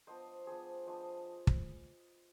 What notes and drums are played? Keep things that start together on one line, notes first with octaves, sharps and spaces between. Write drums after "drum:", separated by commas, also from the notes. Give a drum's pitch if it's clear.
F3 B3 D4 C5 D#5
F3 B3 D4 G#4 C5
F3 B3 D4 C5 D#5
drum: kick